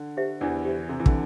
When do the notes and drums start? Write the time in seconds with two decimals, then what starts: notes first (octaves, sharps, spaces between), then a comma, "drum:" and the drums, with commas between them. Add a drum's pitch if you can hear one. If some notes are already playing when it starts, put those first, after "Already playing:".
Already playing: D3
0.17 G4 C5 E5
0.41 E2 E3 D4
0.65 G4 C5 E5
0.89 C3 A4
1.00 E3
1.06 D3, drum: kick